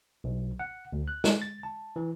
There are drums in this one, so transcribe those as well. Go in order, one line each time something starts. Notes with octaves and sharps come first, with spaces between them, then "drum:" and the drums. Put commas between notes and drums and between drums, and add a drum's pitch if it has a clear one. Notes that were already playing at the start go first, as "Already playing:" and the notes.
B1
F#5
D2
F#6
drum: snare
A6
A5
E3